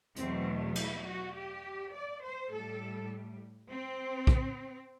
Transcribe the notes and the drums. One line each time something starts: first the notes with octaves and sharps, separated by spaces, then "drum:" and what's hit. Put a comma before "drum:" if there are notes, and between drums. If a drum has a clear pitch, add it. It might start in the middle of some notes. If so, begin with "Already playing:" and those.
E2 B2 F#3 A3 C4, drum: hi-hat
E4, drum: cymbal
F#4
G4
D5
C5
A2 G3 A4
C4
drum: kick B1